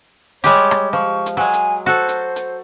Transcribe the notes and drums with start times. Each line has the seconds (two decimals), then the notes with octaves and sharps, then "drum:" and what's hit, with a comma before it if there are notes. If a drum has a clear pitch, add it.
0.44 G3 G#3 G4 C#5, drum: hi-hat
0.71 drum: rim click
0.93 F3 C#6
1.26 drum: hi-hat
1.37 F#3 G#3 G#5
1.54 drum: hi-hat
1.86 F#4 A4 C5
2.09 drum: hi-hat
2.36 drum: hi-hat